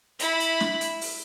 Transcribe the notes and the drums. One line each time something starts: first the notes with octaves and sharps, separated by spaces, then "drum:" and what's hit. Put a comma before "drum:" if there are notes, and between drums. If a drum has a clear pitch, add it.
E4 B5, drum: hi-hat
drum: hi-hat
drum: snare
drum: hi-hat
drum: open hi-hat